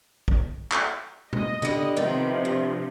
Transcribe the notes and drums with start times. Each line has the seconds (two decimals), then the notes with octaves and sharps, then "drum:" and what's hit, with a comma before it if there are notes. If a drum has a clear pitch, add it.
0.28 drum: kick
0.72 drum: clap
1.33 D#5, drum: tom A#2
1.62 D3 G3, drum: tom C#3
1.97 A2 C3 D#3 F3 B3
2.45 G2